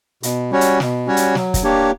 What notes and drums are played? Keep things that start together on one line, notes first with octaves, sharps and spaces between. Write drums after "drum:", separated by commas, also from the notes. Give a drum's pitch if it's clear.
B2, drum: hi-hat
G3 C#4 F#4 C#5
drum: hi-hat
B2, drum: snare
G3 C#4 F#4 C#5
drum: hi-hat
F#3, drum: snare
drum: kick, hi-hat
A#3 D4 G4 C#5